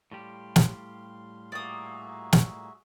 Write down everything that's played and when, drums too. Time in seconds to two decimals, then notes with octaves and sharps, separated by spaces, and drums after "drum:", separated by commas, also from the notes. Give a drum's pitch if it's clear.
0.11 A2 G3 G4 F5 C6
0.56 drum: snare
1.52 A#2 A#3 F#4 G#4 D5 E5 D#6
2.33 drum: snare